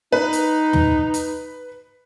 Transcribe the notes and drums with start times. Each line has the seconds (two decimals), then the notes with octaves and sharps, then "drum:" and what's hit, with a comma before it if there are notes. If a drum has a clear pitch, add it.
0.12 D#4 B4
0.33 drum: hi-hat
0.73 drum: tom
1.14 drum: hi-hat